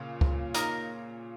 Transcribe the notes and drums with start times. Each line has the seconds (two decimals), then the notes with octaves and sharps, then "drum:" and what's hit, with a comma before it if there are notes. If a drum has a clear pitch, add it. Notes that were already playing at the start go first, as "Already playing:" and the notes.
Already playing: A#2 C#3
0.21 drum: kick
0.54 A#3 D#4 A#4, drum: hi-hat